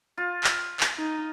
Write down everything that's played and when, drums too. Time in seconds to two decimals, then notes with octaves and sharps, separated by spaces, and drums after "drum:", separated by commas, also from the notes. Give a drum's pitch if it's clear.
0.18 F4
0.44 drum: clap
0.80 drum: clap
0.98 D#4